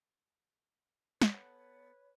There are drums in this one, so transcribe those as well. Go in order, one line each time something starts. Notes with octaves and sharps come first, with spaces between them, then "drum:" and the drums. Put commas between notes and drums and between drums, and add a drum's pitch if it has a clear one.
B3 A4 B4 C#5 F#5, drum: snare